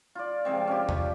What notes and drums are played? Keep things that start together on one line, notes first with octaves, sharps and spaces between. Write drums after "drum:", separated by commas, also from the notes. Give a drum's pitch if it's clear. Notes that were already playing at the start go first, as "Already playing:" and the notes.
F4 D5
C3 F3 G#3 C4
C#4 G4
D4, drum: tom E2